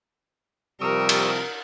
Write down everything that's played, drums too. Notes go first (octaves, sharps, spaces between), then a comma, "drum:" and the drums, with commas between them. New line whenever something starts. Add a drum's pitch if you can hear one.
C3 F3 G3 A#4 C#6 D#6 E6
drum: cymbal